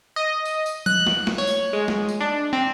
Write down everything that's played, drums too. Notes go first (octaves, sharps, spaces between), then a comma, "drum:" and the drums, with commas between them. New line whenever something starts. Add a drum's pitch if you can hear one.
D#5
drum: tambourine
drum: tambourine
F#6, drum: tom F3
drum: snare
drum: snare
C#5
drum: tambourine
G#3
drum: snare
drum: tambourine
D4
C4